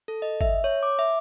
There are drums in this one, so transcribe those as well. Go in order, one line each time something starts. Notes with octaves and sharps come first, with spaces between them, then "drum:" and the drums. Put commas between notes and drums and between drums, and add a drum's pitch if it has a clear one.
A4
D#5
E5, drum: kick G#1
C#5
D6
E5